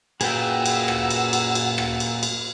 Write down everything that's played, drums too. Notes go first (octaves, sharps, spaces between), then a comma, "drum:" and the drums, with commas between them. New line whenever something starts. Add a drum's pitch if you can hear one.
F#2 A#2 G#4 B4 F#5 G5 E6, drum: cymbal
drum: cymbal
drum: rim click
drum: cymbal
drum: cymbal
drum: cymbal
drum: rim click
drum: cymbal
drum: cymbal